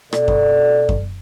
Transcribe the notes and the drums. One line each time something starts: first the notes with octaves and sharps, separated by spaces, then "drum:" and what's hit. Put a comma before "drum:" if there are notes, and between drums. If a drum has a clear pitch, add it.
B2 A4 D5, drum: rim click
drum: kick F#2
drum: kick F#2